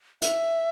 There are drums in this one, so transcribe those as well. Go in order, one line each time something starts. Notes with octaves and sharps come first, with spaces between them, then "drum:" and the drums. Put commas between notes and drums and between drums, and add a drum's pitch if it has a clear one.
E5, drum: hi-hat